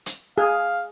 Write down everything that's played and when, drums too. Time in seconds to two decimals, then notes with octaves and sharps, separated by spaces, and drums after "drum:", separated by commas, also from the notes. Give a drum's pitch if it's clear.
0.06 drum: hi-hat
0.38 G#4 F5